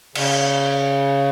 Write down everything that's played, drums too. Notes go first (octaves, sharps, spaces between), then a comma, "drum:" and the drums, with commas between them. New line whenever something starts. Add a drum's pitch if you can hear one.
C#3, drum: cymbal